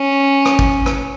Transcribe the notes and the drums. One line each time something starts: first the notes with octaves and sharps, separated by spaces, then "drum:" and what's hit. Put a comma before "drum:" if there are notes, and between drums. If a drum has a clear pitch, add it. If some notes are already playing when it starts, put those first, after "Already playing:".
Already playing: C#4
drum: rim click
drum: kick
drum: rim click